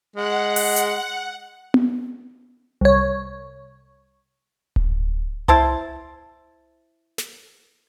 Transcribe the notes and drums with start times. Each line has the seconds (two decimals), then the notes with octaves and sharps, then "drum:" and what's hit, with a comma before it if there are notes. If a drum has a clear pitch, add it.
0.16 G#3 F#5
0.56 drum: open hi-hat
0.76 drum: hi-hat
1.74 drum: tom B3
2.81 C2 C#5
4.76 drum: kick D1
5.48 E4 C5 A5 C6, drum: tom C2
7.18 drum: snare